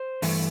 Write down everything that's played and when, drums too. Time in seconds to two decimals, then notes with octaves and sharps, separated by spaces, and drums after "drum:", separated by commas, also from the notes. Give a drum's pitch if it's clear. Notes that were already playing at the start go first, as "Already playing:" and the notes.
Already playing: C5
0.22 G2 E3 A3, drum: open hi-hat